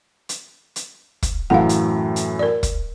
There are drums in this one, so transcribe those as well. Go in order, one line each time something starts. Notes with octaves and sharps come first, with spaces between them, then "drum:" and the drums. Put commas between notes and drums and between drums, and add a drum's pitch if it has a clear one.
drum: hi-hat
drum: hi-hat
drum: kick, hi-hat
F#2 A2 E3 F5 F#5
drum: hi-hat
drum: hi-hat
A#4 D5
drum: kick, hi-hat